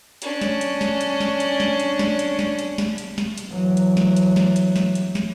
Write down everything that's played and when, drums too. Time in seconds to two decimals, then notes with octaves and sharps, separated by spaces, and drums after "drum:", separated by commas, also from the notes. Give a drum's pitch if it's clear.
0.22 C#4 D4, drum: hi-hat
0.41 drum: snare
0.61 drum: hi-hat
0.81 drum: snare
1.01 drum: hi-hat
1.20 drum: snare
1.40 drum: hi-hat
1.60 drum: snare
1.80 drum: hi-hat
1.99 drum: snare
2.19 drum: hi-hat
2.39 drum: snare
2.59 drum: hi-hat
2.78 drum: snare
2.98 drum: hi-hat
3.18 drum: snare
3.38 drum: hi-hat
3.49 E3 F#3
3.77 drum: hi-hat
3.97 drum: snare
4.16 drum: hi-hat
4.36 drum: snare
4.56 drum: hi-hat
4.76 drum: snare
4.95 drum: hi-hat
5.15 drum: snare